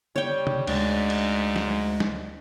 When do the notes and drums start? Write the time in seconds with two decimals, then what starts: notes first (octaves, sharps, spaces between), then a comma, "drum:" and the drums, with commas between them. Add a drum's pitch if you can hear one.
0.16 G3 C#5 G5
0.47 drum: tom
0.67 D2 G#2 G#3 D4, drum: cymbal
1.10 drum: cymbal
1.56 drum: snare
2.00 drum: snare